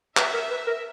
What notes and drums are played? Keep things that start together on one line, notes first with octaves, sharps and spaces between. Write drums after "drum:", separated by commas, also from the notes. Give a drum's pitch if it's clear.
B4 E5, drum: clap
A#4
B4
A#4